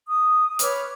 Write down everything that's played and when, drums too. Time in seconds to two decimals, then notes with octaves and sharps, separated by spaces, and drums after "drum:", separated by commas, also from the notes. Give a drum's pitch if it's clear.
0.07 D#6
0.59 B4 C#5 D6 F6, drum: hi-hat